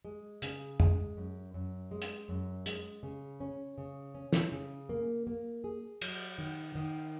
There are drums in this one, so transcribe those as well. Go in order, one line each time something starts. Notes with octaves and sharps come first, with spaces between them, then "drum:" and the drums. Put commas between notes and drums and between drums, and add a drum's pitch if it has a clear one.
G#3
C#3, drum: hi-hat
G#3, drum: tom
F#2
F#2
G#3
drum: hi-hat
F#2
G#3, drum: hi-hat
C#3
C#4
C#3
C#4
drum: snare
C#3
A#3
A#3
G#4
F#3, drum: cymbal
D#3
D#3